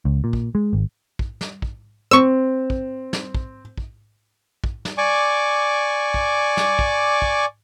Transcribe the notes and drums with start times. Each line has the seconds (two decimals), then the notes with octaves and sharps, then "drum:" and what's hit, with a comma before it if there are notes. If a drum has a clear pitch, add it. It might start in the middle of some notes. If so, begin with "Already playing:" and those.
0.05 C#2
0.24 A#2
0.33 drum: kick
0.55 G#3
0.73 G#1
1.19 drum: kick
1.41 drum: snare
1.62 drum: kick
2.11 C4 C#6 E6
2.70 drum: kick
3.13 drum: snare
3.34 drum: kick
3.78 drum: kick
4.64 drum: kick
4.85 drum: snare
4.98 D5 G#5 C#6 D6
6.14 drum: kick
6.57 drum: snare
6.79 drum: kick
7.22 drum: kick